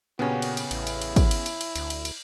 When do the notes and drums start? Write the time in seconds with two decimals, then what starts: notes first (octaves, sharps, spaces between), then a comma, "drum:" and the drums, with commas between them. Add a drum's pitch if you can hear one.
0.19 A#2 C#3 B3 C#4 F#4 G4
0.42 drum: cymbal
0.57 drum: cymbal
0.71 A1 E4, drum: cymbal
0.87 drum: cymbal
1.02 drum: cymbal
1.16 drum: kick, cymbal
1.31 drum: cymbal
1.46 drum: cymbal
1.61 drum: cymbal
1.76 D2, drum: cymbal
1.90 drum: cymbal
2.05 drum: cymbal